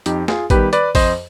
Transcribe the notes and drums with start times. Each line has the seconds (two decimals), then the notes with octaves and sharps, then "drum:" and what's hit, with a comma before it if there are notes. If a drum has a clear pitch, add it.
0.06 F2 D#4 G4, drum: hi-hat
0.28 F4 G#4, drum: snare
0.50 D#3 G3 B3 G4 B4, drum: kick A1, hi-hat
0.73 B4 D5, drum: hi-hat
0.95 F2 C5 D#5, drum: kick A1, open hi-hat